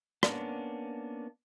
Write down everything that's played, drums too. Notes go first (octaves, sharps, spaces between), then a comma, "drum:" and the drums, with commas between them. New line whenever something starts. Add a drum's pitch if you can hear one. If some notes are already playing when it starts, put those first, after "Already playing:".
A#3 B3 C#4 D4, drum: rim click